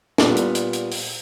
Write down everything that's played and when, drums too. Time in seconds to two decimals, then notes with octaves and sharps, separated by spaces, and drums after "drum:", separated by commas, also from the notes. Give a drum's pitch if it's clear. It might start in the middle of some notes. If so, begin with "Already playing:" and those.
0.18 A#2 G3 B3, drum: snare
0.37 drum: hi-hat
0.55 drum: hi-hat
0.73 drum: hi-hat
0.92 drum: open hi-hat